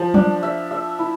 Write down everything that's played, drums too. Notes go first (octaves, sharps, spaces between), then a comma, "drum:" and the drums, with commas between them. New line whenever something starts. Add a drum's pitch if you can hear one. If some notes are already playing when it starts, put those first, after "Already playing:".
Already playing: F3 C5
D4, drum: tom F#3
E5
E5
E4